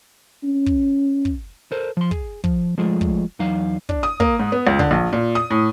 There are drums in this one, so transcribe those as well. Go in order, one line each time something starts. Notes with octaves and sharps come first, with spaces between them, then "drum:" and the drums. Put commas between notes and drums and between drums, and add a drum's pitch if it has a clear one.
C#4
drum: kick
drum: kick
A4 A#4 C5
F3 C6
G#4, drum: kick
F3, drum: kick
F3 G#3 A3 F4 G#4
drum: kick
E2 F#3 D#4 F5
D4, drum: kick
D#6
A#3, drum: kick
G#2
B3
C#2
D3, drum: kick
A#1
A#2
D#6
A2